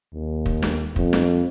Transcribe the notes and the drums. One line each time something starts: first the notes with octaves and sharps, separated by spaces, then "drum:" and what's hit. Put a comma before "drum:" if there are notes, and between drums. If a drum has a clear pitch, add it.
D#2
drum: kick
drum: snare
F2, drum: kick
drum: snare